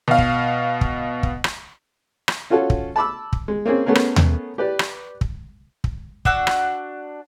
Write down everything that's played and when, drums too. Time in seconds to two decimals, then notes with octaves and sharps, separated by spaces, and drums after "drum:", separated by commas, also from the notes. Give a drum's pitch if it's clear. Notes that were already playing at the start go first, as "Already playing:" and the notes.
0.08 B2 F5
0.18 drum: kick
0.81 drum: kick
1.23 drum: kick
1.44 drum: rim click
2.28 drum: rim click
2.50 C#4 F4 F#4 A4 C#5
2.70 drum: kick
2.96 A5 B5 D6 E6
3.33 drum: kick
3.48 G#3
3.65 A#3 C4 C#4 G#4
3.86 A3 B3 C#4 G#4 A#4
3.95 drum: rim click
4.16 drum: tom D#2
4.58 G4 B4 D5
4.79 drum: rim click
5.21 drum: kick
5.84 drum: kick
6.25 D4 F#4 F#5 E6, drum: kick
6.47 drum: rim click